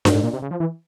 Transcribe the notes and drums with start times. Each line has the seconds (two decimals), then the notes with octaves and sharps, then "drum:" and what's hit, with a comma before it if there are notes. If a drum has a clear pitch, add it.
0.05 G2, drum: snare D4
0.15 G#2
0.24 A#2
0.33 C3
0.42 C#3
0.51 F3
0.60 E3